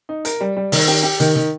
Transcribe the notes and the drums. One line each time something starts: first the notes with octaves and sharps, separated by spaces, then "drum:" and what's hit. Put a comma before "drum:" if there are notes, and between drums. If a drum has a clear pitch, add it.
D#4
A#4, drum: hi-hat
G3
G3
D#3, drum: open hi-hat
G4
G4
D#3, drum: hi-hat
D#3